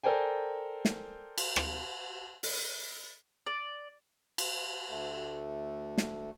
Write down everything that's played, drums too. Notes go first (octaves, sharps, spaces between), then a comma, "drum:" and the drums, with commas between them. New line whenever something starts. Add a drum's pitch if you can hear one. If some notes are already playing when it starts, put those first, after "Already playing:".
A4 A#4 C5 D5 G5 G#5
drum: snare
drum: cymbal
drum: rim click
drum: open hi-hat
D5
drum: cymbal
D2 A3
drum: snare